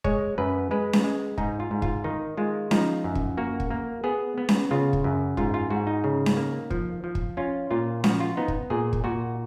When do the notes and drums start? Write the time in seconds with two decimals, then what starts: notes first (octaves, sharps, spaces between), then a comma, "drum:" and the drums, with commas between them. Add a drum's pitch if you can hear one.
0.04 G#3 C#5, drum: kick
0.38 F#2 B4
0.71 G#3 B4
0.93 drum: snare C#4
1.04 G#3
1.38 G#2 D#4, drum: kick
1.60 F4
1.71 G#2
1.82 F4, drum: kick
2.04 D#3 D#4
2.37 G#3 F4
2.71 F3 D#4, drum: snare C#4
3.04 F#2
3.15 drum: kick
3.38 A#3 F#4
3.60 drum: kick
3.70 A#3
4.04 B3 G#4
4.38 B3
4.49 drum: snare C#4
4.71 C#3 F4
4.93 drum: kick
5.04 F#2
5.37 G#2 F4, drum: kick
5.54 F4
5.70 G#2 F#4
5.87 D#4
6.04 C#3
6.26 drum: snare C#4
6.37 A#3
6.70 F3, drum: kick
7.04 F3
7.15 drum: kick
7.37 C#4 F4
7.71 A#2 F4
8.04 F3 F#4, drum: snare C#4
8.20 F4
8.37 B3 D#4
8.48 drum: kick
8.70 A#2 G#4
8.93 drum: kick
9.04 A#2 F#4